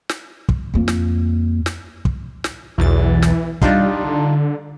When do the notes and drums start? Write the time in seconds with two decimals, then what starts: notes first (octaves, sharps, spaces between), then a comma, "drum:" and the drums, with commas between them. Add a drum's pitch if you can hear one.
0.09 drum: snare
0.49 drum: kick
0.74 F2 A#3
0.88 drum: snare
1.66 drum: snare
2.05 drum: kick
2.44 drum: snare
2.78 B1 E2 E3 A6
3.22 drum: snare
3.62 G3 D4 D#4 F4, drum: kick
4.04 D3